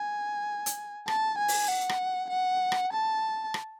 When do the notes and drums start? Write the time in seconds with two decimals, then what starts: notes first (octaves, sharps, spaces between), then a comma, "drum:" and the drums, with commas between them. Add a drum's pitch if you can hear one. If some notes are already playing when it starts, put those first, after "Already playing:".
Already playing: G#5
0.66 drum: hi-hat
1.08 A5, drum: rim click
1.38 G#5
1.48 drum: open hi-hat
1.69 F#5
1.89 drum: rim click
2.30 F#5
2.72 drum: rim click
2.92 A5
3.54 drum: rim click